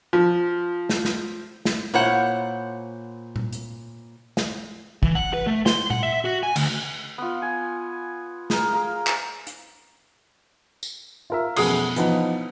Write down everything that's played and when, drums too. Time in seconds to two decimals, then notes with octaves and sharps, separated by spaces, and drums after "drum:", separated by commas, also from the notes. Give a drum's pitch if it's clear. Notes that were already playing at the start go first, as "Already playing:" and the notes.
0.13 F3
0.89 drum: snare
1.05 drum: snare
1.65 drum: snare
1.94 A#2 E4 C5 C#5 F#5
3.36 drum: tom A#2
3.53 drum: hi-hat
4.37 drum: snare
5.03 E3, drum: kick
5.15 F#5
5.34 B4
5.47 A3
5.66 C6, drum: snare
5.91 F#5, drum: tom A#2
6.03 E5
6.25 F#4
6.43 G#5
6.56 D2, drum: cymbal
7.18 B3 F4
7.42 G#5
8.50 G#4 A#4, drum: snare
8.73 G#4 A#4 F5
9.07 drum: clap
9.47 drum: hi-hat
10.83 drum: tambourine
11.30 F4 A#4 E5
11.56 A1 F2 B2 G#4 D#6 C7, drum: cymbal
11.96 E3 F3 B3 D#4, drum: hi-hat